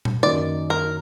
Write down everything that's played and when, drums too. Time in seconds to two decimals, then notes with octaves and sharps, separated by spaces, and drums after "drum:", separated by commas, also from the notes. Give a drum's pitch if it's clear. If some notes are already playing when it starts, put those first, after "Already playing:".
0.05 drum: tom A#2
0.23 F#2 D#3 A#3 D#4 D5
0.70 A#4